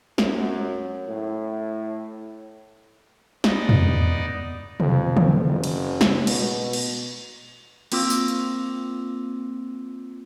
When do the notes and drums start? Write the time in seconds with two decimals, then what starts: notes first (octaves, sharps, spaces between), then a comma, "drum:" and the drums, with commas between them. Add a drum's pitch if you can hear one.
0.18 F#2, drum: snare
1.08 A2
3.44 B3 D#4 D5 D#5, drum: snare
3.69 drum: tom
4.80 F2, drum: tom
5.17 drum: tom
5.46 F#1
5.64 drum: cymbal
6.01 drum: snare
6.27 B2, drum: cymbal
6.73 drum: cymbal
7.92 A#3 C4 F4 D6 E6 A#6, drum: cymbal
8.10 drum: tambourine
8.28 drum: hi-hat